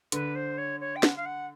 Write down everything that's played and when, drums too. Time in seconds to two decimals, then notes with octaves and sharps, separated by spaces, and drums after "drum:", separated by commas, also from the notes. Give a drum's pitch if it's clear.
0.12 D3 B4, drum: hi-hat
0.35 C5
0.58 C#5
0.80 C#5
0.96 G5
1.03 F#5, drum: snare
1.16 F5
1.26 F#5